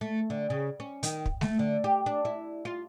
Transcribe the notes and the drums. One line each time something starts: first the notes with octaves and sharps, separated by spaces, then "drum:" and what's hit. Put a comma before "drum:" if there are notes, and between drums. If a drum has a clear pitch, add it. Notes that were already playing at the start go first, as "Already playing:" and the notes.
A3
D3
C#3
C#4
D#3, drum: hi-hat
drum: kick
A3, drum: snare G#3
D3
G4
D4
E4
F4